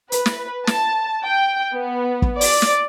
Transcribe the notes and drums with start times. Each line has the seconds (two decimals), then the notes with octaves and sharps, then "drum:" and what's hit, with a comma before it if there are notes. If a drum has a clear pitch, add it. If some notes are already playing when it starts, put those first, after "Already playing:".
0.12 B4, drum: hi-hat
0.26 drum: snare
0.67 A5, drum: snare
1.25 G5
1.75 B3
2.22 drum: kick
2.41 D5, drum: open hi-hat
2.62 drum: snare